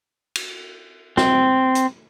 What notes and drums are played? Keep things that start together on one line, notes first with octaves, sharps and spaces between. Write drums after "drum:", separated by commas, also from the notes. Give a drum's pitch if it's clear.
drum: cymbal
C4, drum: snare
drum: hi-hat